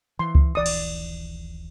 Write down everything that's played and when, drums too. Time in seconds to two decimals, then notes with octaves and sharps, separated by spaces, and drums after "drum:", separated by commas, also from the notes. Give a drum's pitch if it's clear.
0.19 E3 C6
0.35 drum: kick C#2
0.55 D#1 A#1 E3 D5 D#6
0.66 drum: cymbal